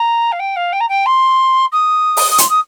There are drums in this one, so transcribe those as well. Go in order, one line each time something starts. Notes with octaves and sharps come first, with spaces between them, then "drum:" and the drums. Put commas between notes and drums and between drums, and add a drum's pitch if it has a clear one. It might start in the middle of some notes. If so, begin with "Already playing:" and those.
Already playing: A#5
F5
G5
F5
G5
A#5
G5
C6
D#6
drum: open hi-hat
D#6
C6, drum: hi-hat
D#6